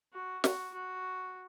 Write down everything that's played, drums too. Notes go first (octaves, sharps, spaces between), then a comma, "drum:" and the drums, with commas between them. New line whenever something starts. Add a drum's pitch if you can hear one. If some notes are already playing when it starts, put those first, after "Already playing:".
F#4
F#4, drum: snare
F#4